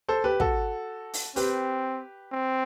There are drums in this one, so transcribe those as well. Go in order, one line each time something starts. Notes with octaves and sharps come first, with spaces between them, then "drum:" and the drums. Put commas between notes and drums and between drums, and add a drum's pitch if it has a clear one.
A4 C5
G4 B4
F#4 A4, drum: kick
drum: open hi-hat
C4 G4 B4, drum: open hi-hat
C4